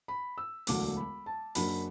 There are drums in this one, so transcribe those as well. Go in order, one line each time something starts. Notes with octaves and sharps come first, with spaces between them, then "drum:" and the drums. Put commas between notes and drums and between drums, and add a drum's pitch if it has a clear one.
B5
E6
E1 D2 D3 F#3 D6, drum: open hi-hat
B5
A5
F#1 F#2 F#3 D4 B5, drum: open hi-hat